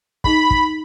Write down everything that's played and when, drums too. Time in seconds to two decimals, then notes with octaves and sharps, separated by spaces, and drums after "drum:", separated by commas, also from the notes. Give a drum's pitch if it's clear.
0.24 D#4 G#4 D#5 B5, drum: kick
0.51 drum: kick